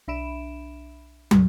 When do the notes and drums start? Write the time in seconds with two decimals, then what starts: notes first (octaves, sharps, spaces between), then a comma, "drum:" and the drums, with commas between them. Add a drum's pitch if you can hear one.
0.08 B1 D4 E5 B5 D7 E7
1.31 D2 G#2 B2, drum: tom